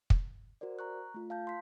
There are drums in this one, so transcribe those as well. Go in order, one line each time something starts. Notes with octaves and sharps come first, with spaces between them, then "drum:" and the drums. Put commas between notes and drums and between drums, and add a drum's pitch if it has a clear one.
drum: kick
F#4 A#4 C5 D5
A#5 C#6 F#6
A3 F4
F5 A5 G6
C6 B6